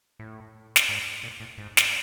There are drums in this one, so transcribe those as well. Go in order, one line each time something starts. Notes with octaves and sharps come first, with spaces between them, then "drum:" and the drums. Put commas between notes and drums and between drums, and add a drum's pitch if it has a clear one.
A2
drum: snare
G#2
A#2
A2
G#2
drum: snare